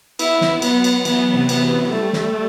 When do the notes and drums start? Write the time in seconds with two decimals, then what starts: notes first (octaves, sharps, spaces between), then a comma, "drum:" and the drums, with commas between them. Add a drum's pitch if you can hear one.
0.19 B3 E4, drum: cymbal
0.41 drum: snare
0.62 F#3 B3, drum: cymbal
0.84 drum: cymbal
1.05 E3 B3, drum: cymbal
1.34 C3
1.49 B3, drum: cymbal
1.63 E3
1.92 G3 A3
2.13 drum: snare